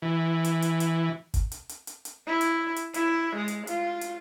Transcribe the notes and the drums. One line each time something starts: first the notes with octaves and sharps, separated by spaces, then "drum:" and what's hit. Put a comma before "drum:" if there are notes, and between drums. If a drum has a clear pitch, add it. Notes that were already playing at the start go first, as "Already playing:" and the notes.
E3
drum: hi-hat
drum: hi-hat
drum: hi-hat
drum: kick, hi-hat
drum: hi-hat
drum: hi-hat
drum: hi-hat
drum: hi-hat
E4
drum: hi-hat
drum: hi-hat
E4, drum: hi-hat
G#3
drum: hi-hat
F4, drum: hi-hat
drum: hi-hat